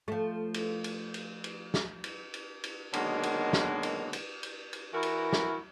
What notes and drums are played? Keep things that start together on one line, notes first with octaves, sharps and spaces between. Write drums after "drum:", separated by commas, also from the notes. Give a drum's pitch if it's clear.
F3 A3
drum: cymbal
drum: cymbal
drum: cymbal
drum: cymbal
drum: snare
drum: cymbal
drum: cymbal
drum: cymbal
B2 D3 D#3 F#3 G#3 A#3, drum: cymbal
drum: cymbal
drum: snare
drum: cymbal
drum: cymbal
drum: cymbal
drum: cymbal
E3 E4 F#4 A#4
drum: cymbal
drum: snare